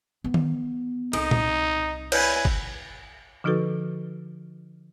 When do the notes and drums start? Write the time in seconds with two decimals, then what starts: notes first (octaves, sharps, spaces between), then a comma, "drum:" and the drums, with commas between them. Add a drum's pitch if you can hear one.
0.24 B3
0.34 drum: tom D#3
1.13 C2 D#4 A4, drum: cymbal
1.31 drum: tom A#2
2.12 E4 B4 C#5 D5 G#5, drum: cymbal
2.45 drum: kick G1
3.44 D3 F3 D#4 F#4 A4 B4